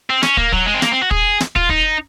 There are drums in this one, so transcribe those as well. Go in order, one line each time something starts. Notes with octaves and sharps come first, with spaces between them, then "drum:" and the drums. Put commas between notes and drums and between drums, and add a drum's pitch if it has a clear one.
C4
C#4, drum: snare
A#3, drum: kick
F#3, drum: kick
G#3
C4
A#3, drum: snare
C4
F#4
G#4, drum: kick
drum: snare
F4, drum: kick
D#4, drum: kick